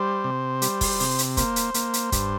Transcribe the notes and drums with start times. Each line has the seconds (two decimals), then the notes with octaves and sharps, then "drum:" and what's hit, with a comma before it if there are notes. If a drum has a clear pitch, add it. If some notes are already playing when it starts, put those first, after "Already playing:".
Already playing: G3 C5
0.24 C3
0.62 G3, drum: hi-hat
0.81 drum: kick, open hi-hat
1.00 C3, drum: open hi-hat
1.18 drum: hi-hat
1.37 A#3 C5, drum: kick, hi-hat
1.56 drum: hi-hat
1.74 A#3, drum: hi-hat
1.94 drum: hi-hat
2.12 G2, drum: kick, hi-hat